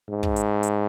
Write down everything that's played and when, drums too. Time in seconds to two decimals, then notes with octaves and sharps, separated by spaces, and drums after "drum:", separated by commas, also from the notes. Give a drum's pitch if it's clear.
0.09 G#2
0.23 drum: kick
0.36 drum: hi-hat
0.63 drum: hi-hat